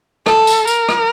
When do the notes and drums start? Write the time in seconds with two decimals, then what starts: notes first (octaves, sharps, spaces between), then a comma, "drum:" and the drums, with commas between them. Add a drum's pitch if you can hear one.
0.26 A4, drum: rim click
0.47 drum: tambourine
0.67 A#4, drum: tambourine
0.88 drum: rim click